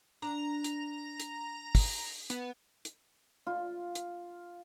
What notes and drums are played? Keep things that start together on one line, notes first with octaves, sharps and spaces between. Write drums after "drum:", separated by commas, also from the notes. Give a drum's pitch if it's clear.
D4 A#5
drum: hi-hat
drum: hi-hat
drum: kick, open hi-hat
B3, drum: hi-hat
drum: hi-hat
F4
drum: hi-hat